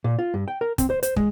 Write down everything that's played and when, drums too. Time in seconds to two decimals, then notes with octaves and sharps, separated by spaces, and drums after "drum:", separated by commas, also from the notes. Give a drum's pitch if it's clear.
0.04 A#2
0.19 F4
0.34 G2
0.48 G5
0.61 A#4
0.78 C4, drum: kick, hi-hat
0.90 C5
1.03 C5, drum: hi-hat
1.16 G#3, drum: kick